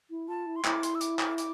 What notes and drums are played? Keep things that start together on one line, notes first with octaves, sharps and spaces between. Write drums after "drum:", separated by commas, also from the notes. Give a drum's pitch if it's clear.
E4
F4 A5
E4
C6
E4 D6, drum: clap
C6, drum: hi-hat
E6
D6, drum: hi-hat
D6, drum: clap
D6, drum: hi-hat